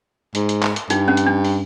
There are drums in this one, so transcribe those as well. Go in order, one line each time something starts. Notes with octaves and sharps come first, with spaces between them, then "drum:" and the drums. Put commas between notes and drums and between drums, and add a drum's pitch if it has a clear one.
G#2, drum: hi-hat
drum: hi-hat
drum: clap
drum: hi-hat
G2 D#4, drum: hi-hat
C#4
drum: hi-hat
D4
drum: open hi-hat